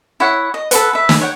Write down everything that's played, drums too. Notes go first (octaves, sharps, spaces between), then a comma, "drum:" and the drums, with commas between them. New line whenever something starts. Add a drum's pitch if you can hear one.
E4 C#5 F#5
D#5
A4 B4 F#5, drum: hi-hat
B4 E5
drum: snare
C#5 F#5 G5